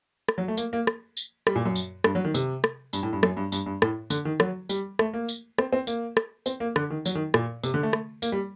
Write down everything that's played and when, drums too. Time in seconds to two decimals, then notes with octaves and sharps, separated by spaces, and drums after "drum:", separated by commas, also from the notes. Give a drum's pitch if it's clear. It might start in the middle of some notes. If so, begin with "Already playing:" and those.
0.29 drum: rim click
0.38 F#3
0.48 A3
0.57 A#3, drum: tambourine
0.73 A#3
0.87 drum: rim click
1.17 drum: tambourine
1.47 G3, drum: rim click
1.56 A#2
1.66 F#2
1.76 drum: tambourine
2.04 G2, drum: rim click
2.15 F#3
2.25 D#3
2.34 C3, drum: tambourine
2.64 drum: rim click
2.93 G2, drum: tambourine
3.03 A2
3.13 G2
3.23 F#2, drum: rim click
3.37 G2
3.52 G2, drum: tambourine
3.66 G2
3.82 A2, drum: rim click
4.10 D3, drum: tambourine
4.25 D#3
4.40 F#3, drum: rim click
4.69 G3, drum: tambourine
4.99 A3, drum: rim click
5.14 A#3
5.28 drum: tambourine
5.58 C4, drum: rim click
5.72 C4
5.87 A#3, drum: tambourine
6.17 drum: rim click
6.46 C4, drum: tambourine
6.60 A#3
6.76 D3, drum: rim click
6.90 D#3
7.06 F#3, drum: tambourine
7.15 D#3
7.34 A#2, drum: rim click
7.64 C3, drum: tambourine
7.74 D3
7.83 A3
7.93 drum: rim click
8.22 A#3, drum: tambourine
8.32 G3